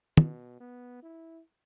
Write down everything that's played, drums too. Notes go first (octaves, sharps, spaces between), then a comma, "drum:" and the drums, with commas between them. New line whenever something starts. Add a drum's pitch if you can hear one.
B2, drum: tom
B3
E4